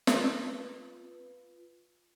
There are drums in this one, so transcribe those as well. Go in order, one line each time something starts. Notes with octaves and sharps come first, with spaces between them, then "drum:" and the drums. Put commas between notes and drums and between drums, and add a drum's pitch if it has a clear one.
F4 B4, drum: snare